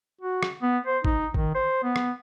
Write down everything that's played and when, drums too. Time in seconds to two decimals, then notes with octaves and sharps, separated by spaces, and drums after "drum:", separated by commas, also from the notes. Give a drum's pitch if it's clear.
0.21 F#4
0.43 drum: rim click
0.62 B3
0.87 C5
1.05 D#4, drum: kick G#1
1.34 D#3, drum: kick G#1
1.54 C5
1.83 B3
1.96 drum: rim click